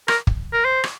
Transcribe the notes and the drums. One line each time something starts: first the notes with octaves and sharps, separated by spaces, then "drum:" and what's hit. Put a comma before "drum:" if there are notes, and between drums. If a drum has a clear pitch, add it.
A#4, drum: rim click
drum: kick
A#4
C5
drum: rim click